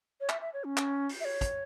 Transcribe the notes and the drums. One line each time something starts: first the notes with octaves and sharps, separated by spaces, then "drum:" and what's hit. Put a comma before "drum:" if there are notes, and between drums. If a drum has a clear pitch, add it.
C#5
E5, drum: clap
E5
C#5
C#4
drum: clap
drum: open hi-hat
E5
C#5
drum: kick, hi-hat